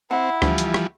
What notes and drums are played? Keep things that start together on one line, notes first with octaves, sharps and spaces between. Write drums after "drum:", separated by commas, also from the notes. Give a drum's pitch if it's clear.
C4 E4 F#5
D2 E3 F3 G3, drum: rim click
drum: hi-hat
drum: rim click